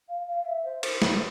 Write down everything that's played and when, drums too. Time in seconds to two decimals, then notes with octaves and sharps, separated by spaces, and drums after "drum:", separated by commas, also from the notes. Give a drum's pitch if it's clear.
0.09 F5
0.27 F5
0.45 E5
0.65 C5
0.83 C5, drum: cymbal
1.02 B4, drum: snare